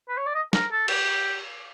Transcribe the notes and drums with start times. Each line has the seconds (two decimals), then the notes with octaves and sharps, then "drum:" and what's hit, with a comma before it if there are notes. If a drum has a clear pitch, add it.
0.08 B4
0.17 C#5
0.26 D5
0.34 D#5
0.53 A#4, drum: snare
0.71 A4
0.88 G4, drum: cymbal